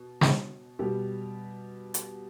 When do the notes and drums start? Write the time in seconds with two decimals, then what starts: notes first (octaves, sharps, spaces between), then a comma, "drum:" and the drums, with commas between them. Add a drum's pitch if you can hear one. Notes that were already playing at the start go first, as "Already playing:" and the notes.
Already playing: B2
0.21 drum: snare
0.79 B2 G3 G4
1.94 drum: hi-hat